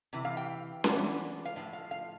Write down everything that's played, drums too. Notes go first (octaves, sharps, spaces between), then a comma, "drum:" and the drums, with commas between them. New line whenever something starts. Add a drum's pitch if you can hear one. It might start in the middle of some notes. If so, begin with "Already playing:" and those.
C3 E3
F5
G5
E3 B3 D4, drum: snare C#4
F5
A2 F3
F5
F5